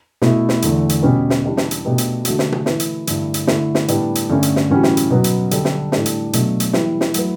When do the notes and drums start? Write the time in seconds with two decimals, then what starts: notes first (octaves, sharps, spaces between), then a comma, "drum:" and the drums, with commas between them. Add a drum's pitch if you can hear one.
0.22 B2 A3 E4, drum: snare
0.49 drum: snare
0.62 E2 D3 A3, drum: hi-hat
0.89 drum: hi-hat
1.03 B2 G3 C#4 G4 B4
1.30 drum: snare
1.44 E3 G3 D4 G4
1.57 drum: snare
1.71 drum: hi-hat
1.85 B2 A3 D4 G4 B4
1.98 drum: hi-hat
2.25 D3 A3 D4 F#4, drum: hi-hat
2.39 drum: snare
2.52 drum: tom B2
2.66 E3 A3 E4 B4, drum: snare
2.80 drum: hi-hat
3.07 G2 D3 A3 E4, drum: hi-hat
3.34 drum: hi-hat
3.47 D3 A3 E4, drum: snare
3.75 drum: snare
3.88 A2 G3 B3 D4, drum: hi-hat
4.15 drum: hi-hat
4.29 G2 D3 A3 C#4
4.43 drum: hi-hat
4.56 drum: snare
4.70 A2 E3 G3 C#4 F#4
4.83 drum: snare
4.97 drum: hi-hat
5.10 B2 F#3 B3
5.24 drum: hi-hat
5.51 D3 G3 D4 A4, drum: hi-hat
5.65 drum: snare
5.92 A2 G3 D4 A4, drum: snare
6.06 drum: hi-hat
6.33 B2 F#3 A3 D4, drum: hi-hat
6.60 drum: hi-hat
6.73 E3 G3 B3 E4, drum: snare
7.01 drum: snare
7.14 F#3 A3 E4 B4, drum: hi-hat